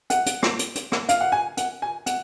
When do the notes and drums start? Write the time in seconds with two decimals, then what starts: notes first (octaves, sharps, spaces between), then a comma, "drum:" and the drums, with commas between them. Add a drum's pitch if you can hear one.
0.10 F#5, drum: hi-hat
0.26 drum: hi-hat
0.43 drum: rim click
0.59 drum: hi-hat
0.75 drum: hi-hat
0.92 drum: rim click
1.09 F5, drum: hi-hat
1.21 F#5
1.32 G#5
1.57 F#5, drum: hi-hat
1.82 G#5
2.06 F#5, drum: hi-hat